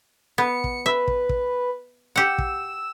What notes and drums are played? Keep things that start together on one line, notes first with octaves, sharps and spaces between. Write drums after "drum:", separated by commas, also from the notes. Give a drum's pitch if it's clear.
B3 C#7
drum: kick
B4 E5
drum: kick
drum: kick
G4 F#5 E6
drum: kick